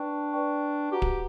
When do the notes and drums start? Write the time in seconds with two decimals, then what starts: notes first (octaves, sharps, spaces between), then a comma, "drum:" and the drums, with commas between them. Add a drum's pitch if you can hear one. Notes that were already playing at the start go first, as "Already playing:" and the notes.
Already playing: D4 B4 D5 G5 C#6
0.33 B4 D5 G5 C#6
0.92 F#4 G4 B4 F#5 A#5
1.02 drum: kick D1